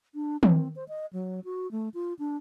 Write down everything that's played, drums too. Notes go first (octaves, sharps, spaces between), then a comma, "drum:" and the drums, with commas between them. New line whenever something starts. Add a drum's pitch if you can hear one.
D4
C4, drum: tom
C5
D#5
F#3
F#4
A3
F4
D4